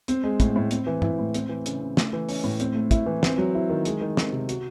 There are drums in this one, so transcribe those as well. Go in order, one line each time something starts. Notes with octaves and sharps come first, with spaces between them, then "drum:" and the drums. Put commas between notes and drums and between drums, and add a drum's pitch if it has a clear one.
C4, drum: hi-hat
G#3
A2, drum: kick, hi-hat
A2
C4, drum: hi-hat
E3
E4, drum: tom G2
A2
C4, drum: hi-hat
E3
C#3, drum: hi-hat
C#3
A3, drum: snare
E3
C#4, drum: open hi-hat
A2
C4, drum: hi-hat
A3
E4, drum: kick, hi-hat
E3
C4, drum: snare
F#3
E4
D#3
G#3, drum: hi-hat
D#3
C4, drum: snare
C3
F#4, drum: hi-hat